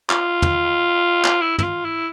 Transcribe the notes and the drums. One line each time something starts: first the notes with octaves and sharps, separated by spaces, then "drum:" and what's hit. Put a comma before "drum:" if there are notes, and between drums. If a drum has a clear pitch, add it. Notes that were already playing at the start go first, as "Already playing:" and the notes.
F4, drum: clap
drum: tom
drum: clap
E4
E4, drum: tom
F4
E4